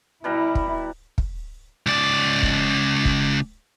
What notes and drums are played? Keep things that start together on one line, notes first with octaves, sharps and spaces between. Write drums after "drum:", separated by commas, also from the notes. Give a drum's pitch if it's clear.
B2 G3 E4 A#5
drum: kick
drum: kick
C#2 D5
drum: kick
drum: kick